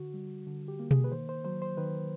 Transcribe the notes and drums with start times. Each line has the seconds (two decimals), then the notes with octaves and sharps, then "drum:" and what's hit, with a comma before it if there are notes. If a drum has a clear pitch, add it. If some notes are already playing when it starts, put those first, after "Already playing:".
Already playing: D3 F#4
0.14 G3
0.47 D3
0.68 G4
0.79 A#3
0.91 G#4, drum: tom B2
1.04 B4
1.12 D#3 C5
1.29 C5
1.45 F#3 C5
1.62 C5
1.77 D#3 B4